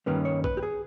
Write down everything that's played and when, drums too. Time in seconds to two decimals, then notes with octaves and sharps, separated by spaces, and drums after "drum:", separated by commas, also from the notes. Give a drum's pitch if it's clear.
0.06 G2 D#3 G3 A#3 C#4 B4
0.25 C#5
0.44 B4, drum: kick A#1
0.57 G4
0.63 G#4